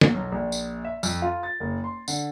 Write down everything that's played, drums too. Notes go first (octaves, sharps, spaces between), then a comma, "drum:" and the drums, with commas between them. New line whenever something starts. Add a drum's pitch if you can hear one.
drum: tom
B1
A#1
drum: tambourine
E5
F2, drum: tambourine
F4
A6
F#1
C6
D3, drum: tambourine